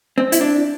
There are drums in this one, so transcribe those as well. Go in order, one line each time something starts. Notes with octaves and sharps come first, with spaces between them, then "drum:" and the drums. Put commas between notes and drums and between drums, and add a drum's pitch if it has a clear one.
C4
E4, drum: hi-hat
D4